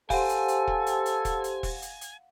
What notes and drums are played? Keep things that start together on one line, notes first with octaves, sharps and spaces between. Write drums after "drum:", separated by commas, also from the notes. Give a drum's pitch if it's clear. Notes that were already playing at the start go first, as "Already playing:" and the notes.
G4 A4 C5 F5 F#5 G#5 C6, drum: kick E1, open hi-hat
drum: hi-hat
drum: hi-hat
drum: kick E1
drum: hi-hat
drum: hi-hat
drum: kick E1, hi-hat
drum: hi-hat
drum: kick E1, open hi-hat
drum: hi-hat
drum: hi-hat